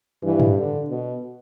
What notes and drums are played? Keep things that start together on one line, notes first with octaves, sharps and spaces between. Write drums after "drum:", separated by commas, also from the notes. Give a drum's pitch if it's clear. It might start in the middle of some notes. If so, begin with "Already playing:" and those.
G2 E3
drum: tom
D3
B2